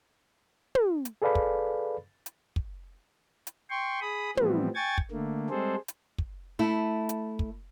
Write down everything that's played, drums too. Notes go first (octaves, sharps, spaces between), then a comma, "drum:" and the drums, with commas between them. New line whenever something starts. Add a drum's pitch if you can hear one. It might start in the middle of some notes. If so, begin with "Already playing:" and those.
drum: tom
drum: hi-hat
G#4 A4 B4 D5 F5 B5
drum: kick
drum: hi-hat
drum: kick
drum: hi-hat
G5 C6 C#6
G#4 B5 D#6
A2 E3 F3 G3 B3 C4, drum: tom
G5 G#5 C#6 G#6 A6
drum: kick
D3 A3 A#3
G3 G#3 C4 G#4 A4 C5
drum: hi-hat
drum: kick
A3 E4
drum: hi-hat
drum: kick